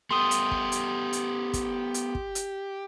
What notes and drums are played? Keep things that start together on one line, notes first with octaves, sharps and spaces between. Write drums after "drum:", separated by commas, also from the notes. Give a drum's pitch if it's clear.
A3 B3 G4 C6 D#6
drum: hi-hat
drum: kick
drum: hi-hat
drum: hi-hat
drum: kick, hi-hat
drum: hi-hat
drum: kick
drum: hi-hat